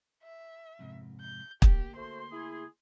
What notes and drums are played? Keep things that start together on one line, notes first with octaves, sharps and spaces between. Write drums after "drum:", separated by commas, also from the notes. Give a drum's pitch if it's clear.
E5
F2 G#2 C3
G6
D2 A#3 G4, drum: kick
A3 F#4 C5 C6
E4 G#4